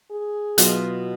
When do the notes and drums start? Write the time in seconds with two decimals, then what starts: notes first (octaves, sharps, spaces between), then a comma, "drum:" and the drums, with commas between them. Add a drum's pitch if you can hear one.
0.11 G#4
0.58 B2 F#3 F4 D#5, drum: hi-hat